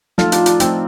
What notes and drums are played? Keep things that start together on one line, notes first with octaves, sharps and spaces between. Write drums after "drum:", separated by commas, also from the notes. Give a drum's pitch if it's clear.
F3 A3 D#4 F4 A4, drum: snare
D4 F4, drum: hi-hat
D4, drum: hi-hat
F3 A3 C4 D#4, drum: hi-hat